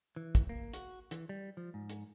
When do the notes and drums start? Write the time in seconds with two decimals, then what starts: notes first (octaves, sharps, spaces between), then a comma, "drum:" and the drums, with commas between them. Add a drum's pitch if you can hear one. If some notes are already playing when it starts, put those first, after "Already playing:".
0.16 E3
0.35 drum: kick, hi-hat
0.49 A#3
0.73 F#4, drum: hi-hat
1.11 E3, drum: hi-hat
1.29 G3
1.57 F3
1.74 G#2
1.90 drum: hi-hat